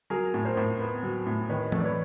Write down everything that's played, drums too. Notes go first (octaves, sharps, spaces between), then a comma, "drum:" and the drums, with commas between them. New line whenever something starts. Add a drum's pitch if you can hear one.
F#3 G#4 A#4
A2
A#4 C5
A2
B3
F#3
A2
D#3 B4 C#5
A3, drum: tom E3
D5
B4 C#5